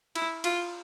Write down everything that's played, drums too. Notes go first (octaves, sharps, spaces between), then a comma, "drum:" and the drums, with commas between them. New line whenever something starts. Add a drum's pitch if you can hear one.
E4, drum: cymbal
F4, drum: cymbal